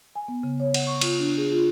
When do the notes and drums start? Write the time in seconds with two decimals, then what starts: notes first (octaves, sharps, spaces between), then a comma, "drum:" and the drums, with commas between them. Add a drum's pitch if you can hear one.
0.16 G#5
0.28 B3
0.43 C#3
0.60 C#5
0.74 F#5, drum: cymbal
0.87 C#6
1.01 F4, drum: cymbal
1.19 D4
1.38 G#4
1.52 F4